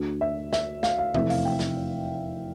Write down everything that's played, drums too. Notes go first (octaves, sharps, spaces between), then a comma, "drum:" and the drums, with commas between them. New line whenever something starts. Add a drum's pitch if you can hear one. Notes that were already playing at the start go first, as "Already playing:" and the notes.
Already playing: D2 D3 A3
E5
E5, drum: snare
F5, drum: snare
F5
F1 E2 C3 E3 A3 E5, drum: tom
F5, drum: open hi-hat
G5
drum: snare